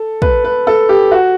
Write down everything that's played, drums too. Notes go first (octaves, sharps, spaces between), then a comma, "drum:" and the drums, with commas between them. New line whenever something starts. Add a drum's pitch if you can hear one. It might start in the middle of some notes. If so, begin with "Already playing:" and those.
Already playing: A4
B4, drum: kick
B4
A4
G4
F#4